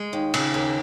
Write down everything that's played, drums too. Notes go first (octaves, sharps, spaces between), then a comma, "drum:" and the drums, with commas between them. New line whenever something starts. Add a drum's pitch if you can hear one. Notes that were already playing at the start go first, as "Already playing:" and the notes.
Already playing: G#3
D#2
C#3, drum: cymbal
D#2